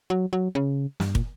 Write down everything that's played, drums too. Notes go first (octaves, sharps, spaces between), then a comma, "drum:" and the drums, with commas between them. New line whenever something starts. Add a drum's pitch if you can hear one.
F#3
F#3
C#3
G2, drum: snare
A#2, drum: kick